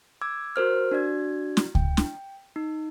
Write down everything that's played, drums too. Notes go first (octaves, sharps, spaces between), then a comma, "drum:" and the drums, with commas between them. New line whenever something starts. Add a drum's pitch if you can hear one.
D6 E6 G#6
F#4 A#4 C5 F6
D4 F#4 D5 G#6
drum: snare
G5, drum: kick C#2
drum: snare
D#4